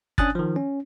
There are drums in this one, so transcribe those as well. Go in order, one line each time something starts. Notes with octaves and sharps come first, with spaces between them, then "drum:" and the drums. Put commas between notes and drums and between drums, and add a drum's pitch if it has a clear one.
C#4 D4 G#5 D#6 F#6 A6, drum: kick G1
D#3 F3
C#4